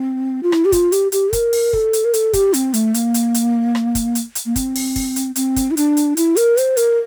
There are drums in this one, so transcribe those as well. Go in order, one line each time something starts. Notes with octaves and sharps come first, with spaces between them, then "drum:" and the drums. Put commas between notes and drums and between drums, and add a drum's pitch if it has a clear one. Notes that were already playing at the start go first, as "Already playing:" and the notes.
Already playing: C4
F4
E4, drum: rim click
G4
F4, drum: kick, hi-hat
G4, drum: hi-hat
G4, drum: hi-hat
A#4, drum: kick, hi-hat
drum: open hi-hat
A4, drum: kick
drum: hi-hat
A#4
A4, drum: hi-hat
G4, drum: kick, hi-hat
C4, drum: hi-hat
A3, drum: hi-hat
A#3, drum: hi-hat
drum: hi-hat
drum: hi-hat
drum: rim click
drum: kick, hi-hat
drum: hi-hat
drum: hi-hat
A#3
C4, drum: kick, hi-hat
drum: open hi-hat
drum: kick, open hi-hat
drum: hi-hat
C4, drum: hi-hat
drum: kick, hi-hat
E4
D4, drum: hi-hat
drum: hi-hat
E4, drum: hi-hat
A#4, drum: hi-hat
C5, drum: hi-hat
A#4, drum: hi-hat